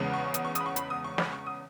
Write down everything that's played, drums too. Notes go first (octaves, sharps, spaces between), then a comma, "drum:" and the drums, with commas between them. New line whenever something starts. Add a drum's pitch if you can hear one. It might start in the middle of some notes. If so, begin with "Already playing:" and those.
Already playing: E2 C#3 G#3 B3
C#6
D#6, drum: hi-hat
C#6
D#6, drum: hi-hat
B5
C#6
B5, drum: hi-hat
D#6
C#6
B5, drum: snare
C#6
D#6